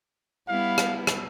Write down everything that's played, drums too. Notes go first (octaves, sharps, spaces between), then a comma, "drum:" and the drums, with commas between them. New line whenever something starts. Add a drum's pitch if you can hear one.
G3 B3 E4 F5
drum: rim click
drum: rim click